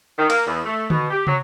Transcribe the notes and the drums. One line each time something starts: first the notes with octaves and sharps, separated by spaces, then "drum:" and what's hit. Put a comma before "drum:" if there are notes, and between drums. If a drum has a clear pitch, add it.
D#3
A#3, drum: cymbal
E2
A3
B2, drum: tom D3
G4
F#3, drum: tom